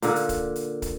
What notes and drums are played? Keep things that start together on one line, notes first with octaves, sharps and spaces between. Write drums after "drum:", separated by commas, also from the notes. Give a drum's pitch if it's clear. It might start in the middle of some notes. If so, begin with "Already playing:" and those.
A#2 D3, drum: hi-hat
drum: hi-hat
drum: kick, hi-hat
drum: hi-hat
drum: kick, hi-hat